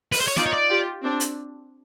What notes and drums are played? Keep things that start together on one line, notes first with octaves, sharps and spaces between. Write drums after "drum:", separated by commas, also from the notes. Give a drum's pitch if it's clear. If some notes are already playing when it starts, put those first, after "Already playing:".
B4, drum: open hi-hat
C5
C#5
D#4 F4 D5, drum: snare
C#5
D5
F4 G4
C4 D4
drum: hi-hat